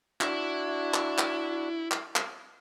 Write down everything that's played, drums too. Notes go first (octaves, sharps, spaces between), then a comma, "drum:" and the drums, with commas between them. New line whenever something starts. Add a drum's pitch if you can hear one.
D4 E4 F#4, drum: clap
drum: clap
drum: clap
drum: clap
drum: clap